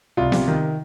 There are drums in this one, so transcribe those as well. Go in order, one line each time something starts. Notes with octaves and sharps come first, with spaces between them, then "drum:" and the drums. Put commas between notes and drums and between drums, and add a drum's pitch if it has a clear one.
C2 F4
C3, drum: snare B3
D#3